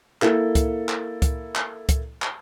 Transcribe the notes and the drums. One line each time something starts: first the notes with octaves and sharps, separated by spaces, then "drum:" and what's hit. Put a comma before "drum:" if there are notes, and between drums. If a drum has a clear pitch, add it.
A#3 E4 A4, drum: clap
drum: kick C#2, hi-hat
drum: clap
drum: kick C#2, hi-hat
drum: clap
drum: kick C#2, hi-hat
drum: clap